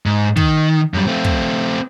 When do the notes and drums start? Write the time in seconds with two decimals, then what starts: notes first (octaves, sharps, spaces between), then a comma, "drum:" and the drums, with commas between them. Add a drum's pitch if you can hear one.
0.06 G#2
0.37 D#3, drum: kick
0.94 F#2 G3
1.07 A3 C4
1.24 drum: kick